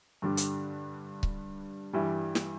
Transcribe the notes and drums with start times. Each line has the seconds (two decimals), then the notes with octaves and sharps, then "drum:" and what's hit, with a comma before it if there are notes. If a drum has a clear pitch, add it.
0.22 G2 D3 G3 D4
0.37 drum: hi-hat
1.23 drum: kick C#1
1.93 G2 E3 G3
2.35 drum: snare